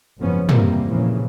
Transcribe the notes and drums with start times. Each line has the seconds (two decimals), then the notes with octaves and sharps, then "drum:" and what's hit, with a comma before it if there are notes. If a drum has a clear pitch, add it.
0.18 F#1 G#2 F3 B3 C#4
0.49 G#2 C3 D#3 E3 G3 A#3, drum: tom
0.88 F1 A#2 C#3 E3 F3 A#3